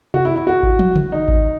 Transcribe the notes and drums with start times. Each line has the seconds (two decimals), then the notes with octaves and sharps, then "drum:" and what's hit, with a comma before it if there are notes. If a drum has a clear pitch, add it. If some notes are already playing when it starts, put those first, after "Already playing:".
0.14 F#4, drum: tom C3
0.25 E4
0.36 E4
0.47 F#4
0.63 drum: kick G#1
0.79 drum: tom
0.96 drum: tom C#3
1.12 D#4
1.28 drum: kick G#1